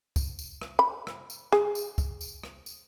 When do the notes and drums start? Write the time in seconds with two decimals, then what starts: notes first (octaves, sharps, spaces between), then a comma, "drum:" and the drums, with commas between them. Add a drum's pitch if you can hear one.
0.16 drum: kick, tambourine
0.39 drum: tambourine
0.61 drum: rim click
0.79 B5
1.07 drum: rim click
1.30 drum: tambourine
1.52 G#4, drum: rim click
1.75 drum: tambourine
1.98 drum: kick, tambourine
2.21 drum: tambourine
2.43 drum: rim click
2.66 drum: tambourine